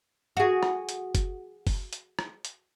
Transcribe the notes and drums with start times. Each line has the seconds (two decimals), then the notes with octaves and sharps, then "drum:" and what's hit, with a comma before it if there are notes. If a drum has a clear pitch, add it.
0.37 F#4 G#4
0.63 drum: rim click
0.89 drum: hi-hat
1.15 drum: kick, hi-hat
1.67 drum: kick, open hi-hat
1.93 drum: hi-hat
2.19 drum: rim click
2.45 drum: hi-hat